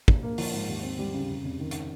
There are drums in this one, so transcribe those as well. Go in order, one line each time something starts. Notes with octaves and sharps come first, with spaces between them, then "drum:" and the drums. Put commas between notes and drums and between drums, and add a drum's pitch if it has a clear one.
A#1, drum: kick
A#3
F3, drum: open hi-hat
G#2
D#2
C4
G3
C#3
F1
F1
D#3
drum: hi-hat